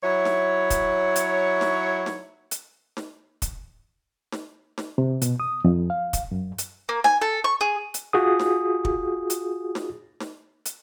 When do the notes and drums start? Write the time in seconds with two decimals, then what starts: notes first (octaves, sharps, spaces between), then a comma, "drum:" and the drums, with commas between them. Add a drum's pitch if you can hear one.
0.03 F#3 E4 C#5
0.25 drum: snare
0.70 drum: kick, hi-hat
1.16 drum: hi-hat
1.61 drum: snare
2.06 drum: snare
2.51 drum: hi-hat
2.97 drum: snare
3.42 drum: kick, hi-hat
4.32 drum: snare
4.78 drum: snare
4.98 C3
5.22 B2, drum: hi-hat
5.40 D#6
5.64 F2
5.90 F5
6.13 drum: kick, hi-hat
6.31 F#2
6.58 drum: hi-hat
6.89 A#3
7.04 G#5, drum: snare
7.21 A4
7.44 C#6
7.61 G#4
7.94 drum: hi-hat
8.13 F4 F#4 G#4 D#6
8.39 drum: snare
8.85 drum: kick
9.30 drum: hi-hat
9.75 drum: snare
10.20 drum: snare
10.66 drum: hi-hat